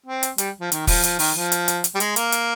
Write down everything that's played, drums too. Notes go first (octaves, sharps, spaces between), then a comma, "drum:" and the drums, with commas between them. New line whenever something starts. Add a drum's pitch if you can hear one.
C4
drum: hi-hat
G3, drum: hi-hat
F3
D#3, drum: hi-hat
F3, drum: kick, open hi-hat
F3, drum: hi-hat
D#3, drum: open hi-hat
F3
drum: hi-hat
drum: hi-hat
drum: hi-hat
G3
G#3, drum: hi-hat
A#3, drum: hi-hat
drum: hi-hat